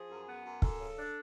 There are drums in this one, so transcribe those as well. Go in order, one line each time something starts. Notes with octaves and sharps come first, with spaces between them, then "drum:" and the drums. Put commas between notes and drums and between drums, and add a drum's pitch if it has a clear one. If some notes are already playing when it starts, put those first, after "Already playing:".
Already playing: F3 G#4
F#2
B3
F#2
F#2 A4, drum: kick
C#3
D4